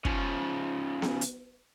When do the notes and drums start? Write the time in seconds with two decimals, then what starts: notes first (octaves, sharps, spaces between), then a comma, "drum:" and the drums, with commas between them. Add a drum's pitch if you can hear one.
0.05 C#3 F3, drum: kick
1.02 drum: snare B3
1.21 drum: hi-hat